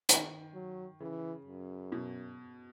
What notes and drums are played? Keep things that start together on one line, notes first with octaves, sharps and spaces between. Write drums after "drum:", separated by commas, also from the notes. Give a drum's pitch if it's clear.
D#3, drum: hi-hat
F#3
C#3 E3
F#2
B2